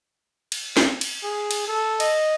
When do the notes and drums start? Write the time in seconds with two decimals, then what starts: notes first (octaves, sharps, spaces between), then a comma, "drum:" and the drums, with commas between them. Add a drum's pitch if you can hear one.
0.52 drum: cymbal
0.77 drum: snare
1.01 drum: cymbal
1.23 G#4
1.51 drum: cymbal
1.68 A4
2.00 D#5, drum: cymbal